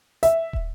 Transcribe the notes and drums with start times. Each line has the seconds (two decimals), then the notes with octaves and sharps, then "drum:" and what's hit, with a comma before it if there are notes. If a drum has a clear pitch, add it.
0.23 E5, drum: hi-hat
0.53 drum: kick